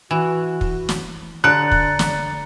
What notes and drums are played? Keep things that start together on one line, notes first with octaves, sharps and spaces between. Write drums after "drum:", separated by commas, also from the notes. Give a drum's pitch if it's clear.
E3 F#4
drum: kick
drum: snare
D3 D5 A#5 F#6 C#7
drum: kick
drum: snare